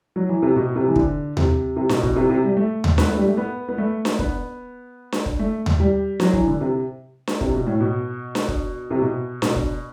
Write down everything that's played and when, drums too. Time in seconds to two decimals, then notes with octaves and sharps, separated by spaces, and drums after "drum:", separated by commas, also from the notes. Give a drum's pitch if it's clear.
0.16 F#3
0.29 E3
0.42 C3
0.56 B2
0.76 C3
0.88 E3
0.96 D3, drum: kick
1.37 C3, drum: tom D#2
1.77 C3
1.89 B2, drum: snare D4
2.03 B2, drum: kick
2.16 C3
2.30 C3
2.44 G3
2.57 A3
2.84 drum: tom D#2
2.98 B3, drum: snare D4
3.07 A3
3.17 G3
3.27 A3
3.37 B3
3.68 B3
3.78 A3
4.05 drum: snare D4
4.19 B3, drum: kick
5.12 drum: snare D4
5.26 drum: kick
5.39 A3
5.66 drum: tom D#2
5.80 G3
6.20 F#3, drum: snare D4
6.33 E3, drum: kick
6.47 D3
6.61 C3
7.27 drum: snare D4
7.41 C3, drum: kick
7.54 B2
7.67 A2
7.81 B2
8.35 drum: snare D4
8.48 drum: kick
8.91 C3
9.02 B2
9.42 B2, drum: snare D4
9.56 drum: kick